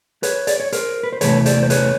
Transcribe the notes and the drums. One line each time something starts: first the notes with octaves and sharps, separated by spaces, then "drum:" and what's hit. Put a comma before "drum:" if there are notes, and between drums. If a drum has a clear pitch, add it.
B4 C#5, drum: hi-hat
D5, drum: hi-hat
C#5
A#4 C5, drum: hi-hat
B4
C5
E2 C3 E3 A3 B4 C#5, drum: hi-hat
C5 D5, drum: hi-hat
C5
B4 C#5, drum: hi-hat